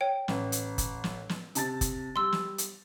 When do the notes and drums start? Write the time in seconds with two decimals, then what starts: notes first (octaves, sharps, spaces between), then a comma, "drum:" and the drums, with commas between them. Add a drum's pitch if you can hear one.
0.01 C#5 G5
0.28 A1, drum: snare
0.52 drum: hi-hat
0.78 drum: kick, hi-hat
1.04 drum: snare
1.29 drum: snare
1.55 C3 A5 A6, drum: hi-hat
1.81 drum: kick, hi-hat
2.16 G3 C6 E6
2.32 drum: snare
2.58 drum: hi-hat